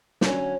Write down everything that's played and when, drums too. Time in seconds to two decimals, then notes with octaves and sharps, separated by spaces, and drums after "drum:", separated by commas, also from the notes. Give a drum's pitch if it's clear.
0.21 D3 F#3 C#4, drum: snare